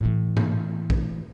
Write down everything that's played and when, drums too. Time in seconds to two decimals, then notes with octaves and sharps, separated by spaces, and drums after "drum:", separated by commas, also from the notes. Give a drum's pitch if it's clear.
0.01 A2 E3
0.37 drum: tom G#2
0.90 drum: kick A#1